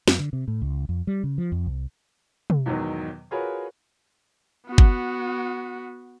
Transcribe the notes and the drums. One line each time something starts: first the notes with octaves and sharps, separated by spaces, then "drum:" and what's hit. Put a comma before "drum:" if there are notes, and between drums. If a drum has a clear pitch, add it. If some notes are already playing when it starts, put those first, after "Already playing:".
F#2, drum: snare
D3
C3
A2
C#2
F2
G3
C#3
F3
F2
C2
drum: tom
E2 G#2 B2 D#3 F#3
F4 F#4 G#4 A#4 B4 C#5
B3 F#4
drum: kick